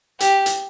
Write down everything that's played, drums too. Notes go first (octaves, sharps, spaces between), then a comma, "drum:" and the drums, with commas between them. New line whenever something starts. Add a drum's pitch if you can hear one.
G4, drum: hi-hat
drum: hi-hat